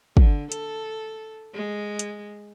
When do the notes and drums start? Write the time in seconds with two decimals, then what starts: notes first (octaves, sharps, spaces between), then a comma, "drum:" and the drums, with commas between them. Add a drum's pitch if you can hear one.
0.17 D3, drum: kick
0.52 A4, drum: hi-hat
1.54 G#3
1.99 drum: hi-hat